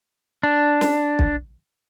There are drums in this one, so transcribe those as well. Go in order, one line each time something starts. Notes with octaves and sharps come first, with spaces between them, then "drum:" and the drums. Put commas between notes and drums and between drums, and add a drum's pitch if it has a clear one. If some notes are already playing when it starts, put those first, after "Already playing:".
D4
drum: snare
drum: kick B1